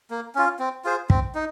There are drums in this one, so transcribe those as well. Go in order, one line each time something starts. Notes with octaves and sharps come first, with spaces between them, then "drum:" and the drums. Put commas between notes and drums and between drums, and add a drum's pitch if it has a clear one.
A#3
C#4 F4
C4
F4 G#4 C5
C4, drum: kick
D#4